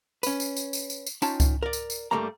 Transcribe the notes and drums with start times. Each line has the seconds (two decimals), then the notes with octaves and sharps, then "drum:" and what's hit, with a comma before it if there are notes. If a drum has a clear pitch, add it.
0.23 C#4 B4, drum: tambourine
0.40 drum: tambourine
0.57 drum: tambourine
0.73 drum: tambourine
0.90 drum: tambourine
1.06 drum: tambourine
1.22 C#4 D#4 F4 C#5 G5 A5, drum: tambourine
1.40 drum: kick C#2, tambourine
1.63 A#4 D5
1.73 drum: tambourine
1.90 drum: tambourine
2.11 G2 B2 G3 A3 A#3 A#5